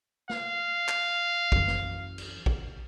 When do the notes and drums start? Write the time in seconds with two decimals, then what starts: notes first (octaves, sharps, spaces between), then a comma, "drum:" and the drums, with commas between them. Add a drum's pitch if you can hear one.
0.30 F5, drum: snare
0.89 drum: clap
1.52 F#2 E3, drum: kick
1.67 drum: snare
2.18 drum: cymbal
2.46 drum: kick